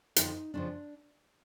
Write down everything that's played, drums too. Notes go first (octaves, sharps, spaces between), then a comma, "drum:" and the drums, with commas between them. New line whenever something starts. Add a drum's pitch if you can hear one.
F2 D3 F3 D#4, drum: hi-hat
F2 C#3 F3 D4